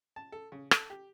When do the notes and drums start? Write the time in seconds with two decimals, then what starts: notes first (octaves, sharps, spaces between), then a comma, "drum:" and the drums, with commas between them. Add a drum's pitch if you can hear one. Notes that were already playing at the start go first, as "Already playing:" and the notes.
0.16 A5
0.32 A4
0.52 C#3
0.71 A4, drum: rim click
0.90 G4